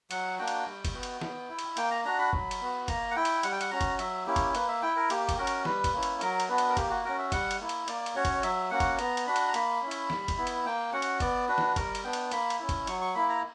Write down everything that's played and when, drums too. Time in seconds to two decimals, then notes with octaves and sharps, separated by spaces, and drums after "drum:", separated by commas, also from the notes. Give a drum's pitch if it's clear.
0.11 F#3 F#5, drum: cymbal
0.38 A#3 D4 F#4 G5
0.48 drum: cymbal
0.66 G3
0.85 drum: kick G1, cymbal
0.94 B3 F#4
1.03 drum: cymbal
1.21 B3, drum: snare
1.49 E4
1.59 drum: cymbal
1.77 A#3 G5, drum: cymbal
1.91 A#5
2.05 D4 F#4 A#5
2.19 B5
2.33 F#3, drum: kick G1
2.51 drum: cymbal
2.61 B3 F#4
2.88 A#3 A#5, drum: kick G1, cymbal
3.11 F#5
3.16 E4 G5
3.25 drum: cymbal
3.43 G3 F#5, drum: cymbal
3.52 G5
3.61 F#5, drum: cymbal
3.71 C#4 F#4 A#5
3.81 drum: kick G1, cymbal
3.99 F#3 E5, drum: cymbal
4.27 A#3 C#4 E4 G4
4.36 drum: kick G1, cymbal
4.55 A#3 B4, drum: cymbal
4.68 E5
4.82 E4 G5
4.96 A#4
5.10 A#3 G4, drum: cymbal
5.29 drum: kick G1, cymbal
5.38 C#4 F#4 A#4
5.47 drum: cymbal
5.65 G3 B4, drum: snare
5.84 drum: kick G1, cymbal
5.93 A#3 C#4 E4
6.03 drum: cymbal
6.21 F#3 A#4, drum: cymbal
6.40 drum: cymbal
6.49 B3 D4 F#4 B4
6.58 drum: cymbal
6.69 A#4
6.77 A#3 G4, drum: kick G1, cymbal
6.90 F#4
7.05 C#4 F#4 A#4
7.19 E5
7.32 G3 F#5, drum: kick G1, cymbal
7.51 drum: cymbal
7.60 A#3 E4
7.69 drum: cymbal
7.88 A#3 D5, drum: cymbal
8.06 drum: cymbal
8.15 C#4 F#4 C#5
8.25 drum: kick G1, cymbal
8.43 F#3 E5, drum: cymbal
8.71 A#3 C#4 F#4 F#5
8.80 drum: kick G1, cymbal
8.99 B3 A#5, drum: cymbal
9.17 drum: cymbal
9.27 D4 F#4 B5
9.36 drum: cymbal
9.48 A#5
9.54 A#3 B5, drum: cymbal
9.82 C#4 E4
9.91 drum: cymbal
10.10 G3, drum: snare
10.28 drum: kick G1, cymbal
10.37 B3 E4
10.47 drum: cymbal
10.65 A#3 G5
10.92 C#4 F#4 F#5
11.02 drum: cymbal
11.20 B3 D5, drum: kick G1, cymbal
11.48 D4 F#4 B4
11.58 drum: snare
11.76 G3 A#4, drum: kick G1, cymbal
11.95 drum: cymbal
12.04 B3 D4 G5
12.13 drum: cymbal
12.31 A#3 B5, drum: cymbal
12.50 drum: cymbal
12.60 C#4 E4
12.69 drum: kick G1, cymbal
12.87 F#3 C#6, drum: cymbal
13.01 C#6
13.15 A#3 E4 B5
13.29 A#5